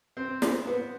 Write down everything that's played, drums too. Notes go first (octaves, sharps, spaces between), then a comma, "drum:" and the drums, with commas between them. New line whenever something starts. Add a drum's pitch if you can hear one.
C4
drum: snare
B3